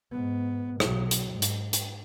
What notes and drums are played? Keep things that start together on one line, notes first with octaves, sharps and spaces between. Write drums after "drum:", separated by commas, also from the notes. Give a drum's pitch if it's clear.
G#2 B3
B1 F#3, drum: rim click
drum: hi-hat
G#2
drum: hi-hat
drum: hi-hat